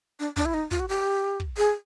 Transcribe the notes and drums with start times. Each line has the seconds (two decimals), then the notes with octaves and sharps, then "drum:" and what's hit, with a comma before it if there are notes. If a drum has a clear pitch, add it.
0.19 D4
0.36 D4, drum: kick
0.45 E4
0.54 D#4
0.71 F4, drum: kick
0.80 F#4
0.89 G4
1.40 drum: kick
1.57 G#4